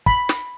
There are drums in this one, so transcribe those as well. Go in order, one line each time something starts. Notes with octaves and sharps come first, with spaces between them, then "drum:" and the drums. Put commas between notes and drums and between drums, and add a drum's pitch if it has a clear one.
B5, drum: kick
drum: snare